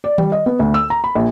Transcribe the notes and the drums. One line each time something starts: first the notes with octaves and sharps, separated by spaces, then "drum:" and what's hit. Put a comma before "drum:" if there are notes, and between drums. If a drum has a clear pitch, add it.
D5
G3, drum: tom D#3
D#5
B3
D2
E6
A#5
B5
A#1